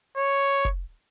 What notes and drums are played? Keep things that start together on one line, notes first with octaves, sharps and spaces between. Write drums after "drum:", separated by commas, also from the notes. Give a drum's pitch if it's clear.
C#5
drum: kick F1